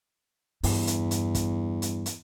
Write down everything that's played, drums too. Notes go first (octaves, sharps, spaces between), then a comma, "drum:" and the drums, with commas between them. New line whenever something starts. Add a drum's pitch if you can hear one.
E2 G2, drum: open hi-hat
drum: hi-hat
drum: hi-hat
drum: kick, hi-hat
drum: hi-hat
drum: hi-hat